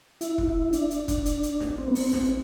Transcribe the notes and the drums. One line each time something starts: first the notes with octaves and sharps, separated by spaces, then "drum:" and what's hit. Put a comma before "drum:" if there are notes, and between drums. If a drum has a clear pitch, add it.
E4, drum: hi-hat
drum: kick
E4
D4, drum: hi-hat
drum: hi-hat
drum: kick, hi-hat
drum: hi-hat
drum: hi-hat
drum: snare
C4
B3
C4, drum: open hi-hat
C4, drum: snare